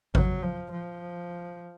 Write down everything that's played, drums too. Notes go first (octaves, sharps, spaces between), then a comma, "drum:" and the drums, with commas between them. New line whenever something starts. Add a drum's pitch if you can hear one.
F#3, drum: kick G#1
F3
F3